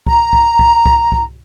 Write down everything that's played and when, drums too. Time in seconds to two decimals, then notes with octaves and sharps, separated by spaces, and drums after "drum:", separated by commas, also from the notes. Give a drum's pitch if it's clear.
0.07 A#5, drum: kick C2
0.33 drum: kick C2
0.59 drum: kick C2
0.86 drum: kick C2
1.12 drum: kick C2